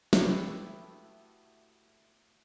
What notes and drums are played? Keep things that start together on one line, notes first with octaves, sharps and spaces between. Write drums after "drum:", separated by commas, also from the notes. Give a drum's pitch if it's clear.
A3 B3 E4 F#4 G4, drum: snare